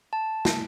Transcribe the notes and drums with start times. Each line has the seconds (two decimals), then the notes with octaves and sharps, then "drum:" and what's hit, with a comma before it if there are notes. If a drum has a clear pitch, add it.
0.13 A5
0.45 drum: snare